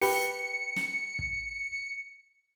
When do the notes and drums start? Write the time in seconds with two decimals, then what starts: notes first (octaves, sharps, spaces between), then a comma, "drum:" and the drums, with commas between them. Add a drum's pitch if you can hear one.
0.01 G4 B4 C#7, drum: open hi-hat
0.76 drum: snare
1.19 drum: kick